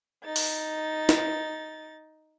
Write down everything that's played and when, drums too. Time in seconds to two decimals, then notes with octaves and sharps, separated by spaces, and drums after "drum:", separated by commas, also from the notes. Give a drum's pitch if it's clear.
0.24 D#4 A6
0.36 drum: open hi-hat
1.09 drum: snare